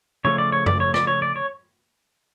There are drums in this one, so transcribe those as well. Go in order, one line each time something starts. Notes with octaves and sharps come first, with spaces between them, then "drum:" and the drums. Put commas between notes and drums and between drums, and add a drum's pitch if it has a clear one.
C#3 F3 A3 C#5
D5
C#5
D5, drum: tom F#2
C#5
D5, drum: rim click
C#5
D5
C#5